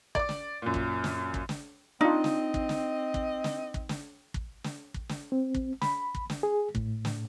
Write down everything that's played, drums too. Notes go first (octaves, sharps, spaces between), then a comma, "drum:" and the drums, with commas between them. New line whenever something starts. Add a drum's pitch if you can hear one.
D5 D6, drum: kick
drum: snare
F#2 A#2
drum: kick
drum: snare
drum: kick
drum: snare
C4 D4 D#4 F4 D#5
drum: snare
drum: kick
drum: snare
drum: kick
drum: snare
drum: kick
drum: snare
drum: kick
drum: snare
drum: kick
drum: snare
C4
drum: kick
B5, drum: snare
drum: kick
drum: snare
G#4
A2, drum: kick
drum: snare